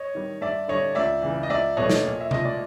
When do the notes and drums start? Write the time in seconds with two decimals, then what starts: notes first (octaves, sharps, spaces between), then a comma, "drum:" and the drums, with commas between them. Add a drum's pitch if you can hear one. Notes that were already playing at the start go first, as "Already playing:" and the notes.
Already playing: C#5 D#5
0.15 D#3 G3
0.41 G2 D5 E5
0.68 D3 G3 C#5 D#5
0.95 C#2 D5 E5
1.22 C#3 E3
1.43 D#5
1.49 C#2 D5 E5
1.77 B2 F#3 A3 C#5 D#5
1.90 drum: snare
2.03 A#2
2.21 E5
2.31 F3 G#3 D#5, drum: tom C3
2.45 D5